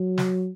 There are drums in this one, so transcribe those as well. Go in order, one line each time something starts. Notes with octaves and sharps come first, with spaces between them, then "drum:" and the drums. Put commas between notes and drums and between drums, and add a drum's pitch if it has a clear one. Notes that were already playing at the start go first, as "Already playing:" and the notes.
Already playing: F#3
drum: snare